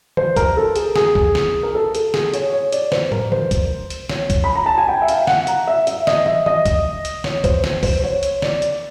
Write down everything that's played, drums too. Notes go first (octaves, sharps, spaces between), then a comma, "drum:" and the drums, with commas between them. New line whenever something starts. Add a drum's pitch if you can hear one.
C5, drum: tom D3
A#4, drum: kick C2, hi-hat
A4
G#4, drum: hi-hat
G#4, drum: snare
drum: kick C2
drum: snare
A#4
A4
A4, drum: hi-hat
G#4, drum: snare
C#5, drum: hi-hat
C#5
D5, drum: hi-hat
C5, drum: snare
A#4, drum: tom
C5, drum: tom D3
drum: kick C2, hi-hat
drum: hi-hat
C#5, drum: snare
drum: kick C2, hi-hat
B5
A#5
A5
G#5
G5
E5
F5, drum: hi-hat
F#5, drum: snare
A#5, drum: hi-hat
E5
E5, drum: hi-hat
D#5, drum: snare
E5, drum: tom
D#5, drum: tom
drum: kick C2, hi-hat
drum: hi-hat
C#5, drum: snare
C5, drum: kick C2, hi-hat
drum: snare
C5, drum: kick C2, open hi-hat
C#5
drum: hi-hat
D5, drum: snare
drum: hi-hat